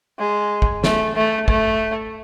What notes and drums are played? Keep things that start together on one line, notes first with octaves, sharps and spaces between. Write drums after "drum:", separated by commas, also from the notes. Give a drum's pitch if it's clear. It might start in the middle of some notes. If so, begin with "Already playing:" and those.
G#3
drum: kick
A3, drum: snare
A3
A3, drum: kick